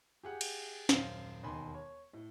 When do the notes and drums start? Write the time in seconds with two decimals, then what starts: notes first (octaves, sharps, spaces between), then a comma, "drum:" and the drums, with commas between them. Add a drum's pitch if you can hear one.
0.23 G4 G#4 F#5
0.41 drum: cymbal
0.89 D#1 F#2 C5 F5 C7, drum: snare
1.43 E1 D#2 G#5 B5 C6
1.75 C#5
2.13 A2